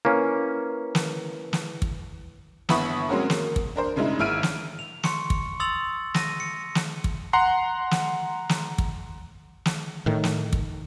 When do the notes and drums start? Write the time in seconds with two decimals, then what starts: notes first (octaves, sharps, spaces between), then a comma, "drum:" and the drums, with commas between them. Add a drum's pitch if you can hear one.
0.05 A#3 C#4 E4 B4
0.95 drum: snare
1.53 drum: snare
1.82 drum: kick
2.69 G1 B3 E4 B5 C#6 D#6, drum: snare
3.09 F#3 G#3 C4 C#4 F#4 A#4
3.30 A#3, drum: snare
3.56 drum: kick
3.76 D4 A#4 C5
3.96 G2 C#3 G#3 D#4 E4
4.19 G#1 E4 E6 F6 D7 D#7
4.43 drum: snare
4.79 F7
5.03 C6 C#6 C#7, drum: snare
5.30 drum: kick
5.60 C6 D#6 E6 A6 F7 F#7
6.14 A#6 D#7, drum: snare
6.40 C#7
6.75 drum: snare
7.04 drum: kick
7.33 F#5 A#5 C6 C7
7.91 drum: snare
8.49 drum: snare
8.78 drum: kick
9.65 drum: snare
10.06 A2 D#3
10.24 drum: snare
10.53 drum: kick